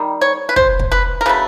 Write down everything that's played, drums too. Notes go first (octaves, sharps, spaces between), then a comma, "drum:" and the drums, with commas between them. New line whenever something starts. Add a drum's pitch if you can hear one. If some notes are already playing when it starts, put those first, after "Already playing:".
Already playing: D#3 G3
C#5
B4
C5, drum: kick
drum: kick
B4
A#4
C#3 F#3 A3 B4